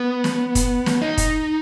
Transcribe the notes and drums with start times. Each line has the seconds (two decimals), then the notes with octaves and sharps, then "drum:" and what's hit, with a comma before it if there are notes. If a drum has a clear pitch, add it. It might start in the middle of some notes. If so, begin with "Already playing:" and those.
Already playing: B3
0.24 drum: snare
0.55 drum: kick, hi-hat
0.86 drum: snare
1.02 D#4
1.17 drum: kick, hi-hat